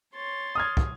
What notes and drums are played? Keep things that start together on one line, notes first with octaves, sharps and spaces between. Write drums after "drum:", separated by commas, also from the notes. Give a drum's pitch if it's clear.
C#5 C6 A6
D#6 F6 G#6
drum: kick